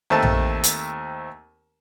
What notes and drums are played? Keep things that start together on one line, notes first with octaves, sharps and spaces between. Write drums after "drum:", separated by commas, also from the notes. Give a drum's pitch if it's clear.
D#2 A3 C4 A5
drum: tom A#1
drum: hi-hat